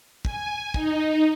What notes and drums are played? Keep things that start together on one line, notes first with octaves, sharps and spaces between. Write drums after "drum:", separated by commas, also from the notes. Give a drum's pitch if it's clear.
G#5, drum: kick
D#4, drum: kick